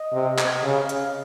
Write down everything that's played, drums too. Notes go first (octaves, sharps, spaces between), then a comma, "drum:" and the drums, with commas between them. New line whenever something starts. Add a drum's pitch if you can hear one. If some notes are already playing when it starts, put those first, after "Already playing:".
Already playing: D#5
C3
drum: clap
C#3 F5
drum: hi-hat